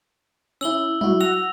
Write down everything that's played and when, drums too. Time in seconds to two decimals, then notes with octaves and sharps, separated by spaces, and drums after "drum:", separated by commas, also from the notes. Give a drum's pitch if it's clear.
0.61 C#4 E4 E6 F#7 G7
1.01 E4 F#4, drum: tom F#3
1.21 F#5 E6 A#6 F7